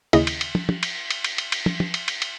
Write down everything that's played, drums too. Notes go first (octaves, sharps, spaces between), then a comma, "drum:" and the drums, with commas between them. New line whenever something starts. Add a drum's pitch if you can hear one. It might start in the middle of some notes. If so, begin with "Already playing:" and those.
D#2 C#3 E4 G#4 D#5, drum: cymbal
drum: cymbal
drum: cymbal
drum: tom
drum: tom
drum: cymbal
drum: cymbal
drum: cymbal
drum: cymbal
drum: cymbal
drum: tom
drum: tom
drum: cymbal
drum: cymbal
drum: cymbal